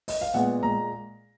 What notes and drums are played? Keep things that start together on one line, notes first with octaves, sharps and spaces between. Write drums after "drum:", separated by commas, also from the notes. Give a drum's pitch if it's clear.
D#5, drum: open hi-hat
F5
A#2 G#3 B3 F#5
A#2 G#3 A#5